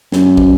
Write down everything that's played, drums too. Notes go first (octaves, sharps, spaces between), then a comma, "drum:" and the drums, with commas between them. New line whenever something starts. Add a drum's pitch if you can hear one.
F#2, drum: snare
drum: kick